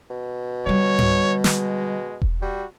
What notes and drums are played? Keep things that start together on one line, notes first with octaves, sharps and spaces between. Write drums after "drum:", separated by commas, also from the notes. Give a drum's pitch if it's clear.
B2
D3 G3 C#5
drum: tom G#2
G#3, drum: snare
drum: kick E1
G3 F#4